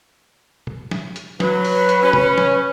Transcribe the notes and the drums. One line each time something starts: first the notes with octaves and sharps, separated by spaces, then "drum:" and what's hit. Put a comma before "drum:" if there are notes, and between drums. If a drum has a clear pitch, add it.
drum: tom
drum: snare
drum: hi-hat
F#3 B4, drum: snare
drum: open hi-hat
drum: hi-hat
C#4
drum: tom
drum: snare